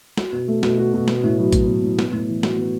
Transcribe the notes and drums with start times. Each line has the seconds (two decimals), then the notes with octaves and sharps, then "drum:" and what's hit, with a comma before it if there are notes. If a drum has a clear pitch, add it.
0.17 F#4, drum: snare
0.33 B2
0.48 A3
0.63 B2, drum: snare
0.78 F#4
0.93 B2
1.08 B3, drum: snare
1.24 A2
1.39 F#3
1.52 A2, drum: kick A1, hi-hat
1.67 B3
1.83 A2
1.99 B3, drum: snare
2.12 A2
2.28 E3
2.43 F#4, drum: snare
2.58 B3